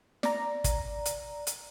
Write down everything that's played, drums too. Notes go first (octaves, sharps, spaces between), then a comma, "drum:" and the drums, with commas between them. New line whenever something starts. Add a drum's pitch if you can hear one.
D5 A#5, drum: snare
drum: kick, hi-hat
drum: hi-hat
drum: hi-hat